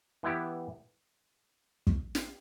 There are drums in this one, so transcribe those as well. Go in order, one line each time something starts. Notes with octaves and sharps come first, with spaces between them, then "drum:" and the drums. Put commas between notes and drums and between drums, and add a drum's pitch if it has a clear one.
E3 B3 E4 G4
drum: kick
drum: snare